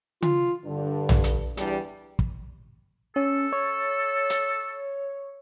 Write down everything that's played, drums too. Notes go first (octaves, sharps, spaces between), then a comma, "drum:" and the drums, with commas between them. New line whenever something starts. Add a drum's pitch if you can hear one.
F4, drum: tom C#3
G2 D3 D4
drum: tom A#1
drum: hi-hat
E2 G3 D4, drum: hi-hat
drum: kick
C#4 A4
C#5
drum: hi-hat